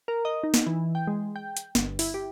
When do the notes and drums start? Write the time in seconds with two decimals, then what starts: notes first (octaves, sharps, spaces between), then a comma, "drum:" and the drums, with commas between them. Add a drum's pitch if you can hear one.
0.08 A#4
0.25 D#5
0.43 D#4
0.54 drum: snare
0.67 E3
0.95 G5
1.07 G#3
1.36 G5
1.57 drum: hi-hat
1.75 G1, drum: snare
1.99 E4, drum: open hi-hat
2.14 G4